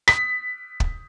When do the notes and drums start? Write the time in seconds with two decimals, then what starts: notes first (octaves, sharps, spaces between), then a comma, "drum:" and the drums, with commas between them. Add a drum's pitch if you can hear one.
0.08 B6, drum: rim click
0.80 drum: kick